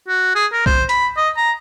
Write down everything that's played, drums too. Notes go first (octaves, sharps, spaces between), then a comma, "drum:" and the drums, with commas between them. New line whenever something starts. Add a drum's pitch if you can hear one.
F#4
G#4
A#4
C5, drum: kick B1
B5, drum: hi-hat
D#5
A#5